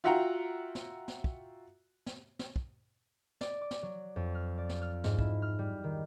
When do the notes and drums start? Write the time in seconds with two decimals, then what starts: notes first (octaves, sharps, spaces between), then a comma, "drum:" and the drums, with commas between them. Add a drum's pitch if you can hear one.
0.04 F4 F#4 E5 F#5 G5 A#5
0.75 drum: snare
1.08 drum: snare
1.24 drum: kick
2.06 drum: snare
2.39 drum: snare
2.56 drum: kick
3.41 D5, drum: snare
3.61 D6
3.71 drum: snare
3.83 F#3
4.16 F2
4.35 F6
4.58 D5
4.69 drum: snare
4.82 F6
5.04 G#2, drum: snare
5.19 E4, drum: kick
5.42 F6
5.59 G3
5.84 D#3